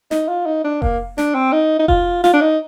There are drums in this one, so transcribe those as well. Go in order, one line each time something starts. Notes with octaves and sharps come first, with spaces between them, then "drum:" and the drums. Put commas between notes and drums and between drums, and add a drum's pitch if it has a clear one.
D#4, drum: snare
F4
D#4
D4
A#3, drum: kick F1
D4, drum: snare
C4
D#4
D#4
F4, drum: kick F1
F4, drum: snare
D4
D#4